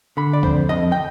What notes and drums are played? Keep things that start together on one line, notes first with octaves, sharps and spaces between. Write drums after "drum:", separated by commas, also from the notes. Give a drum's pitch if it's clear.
D3 B5
D5
F2 C5, drum: kick C#2
F2 D#5
G5